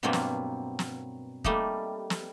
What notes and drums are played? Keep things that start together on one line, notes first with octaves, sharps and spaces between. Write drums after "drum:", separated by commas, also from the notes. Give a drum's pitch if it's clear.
G2 B2 F#3 A#3 C4
drum: snare
drum: snare
G3 A3 A#3 D#4, drum: kick
drum: snare